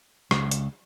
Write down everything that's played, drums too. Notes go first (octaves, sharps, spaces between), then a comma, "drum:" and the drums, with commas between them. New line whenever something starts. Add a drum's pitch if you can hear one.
C#2, drum: rim click
drum: hi-hat